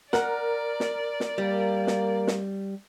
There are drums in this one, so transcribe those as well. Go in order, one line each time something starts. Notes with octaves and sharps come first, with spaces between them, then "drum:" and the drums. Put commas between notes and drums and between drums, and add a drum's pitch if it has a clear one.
A#4 D5 F#5, drum: snare
drum: snare
drum: snare
G3 A#3
drum: snare
drum: snare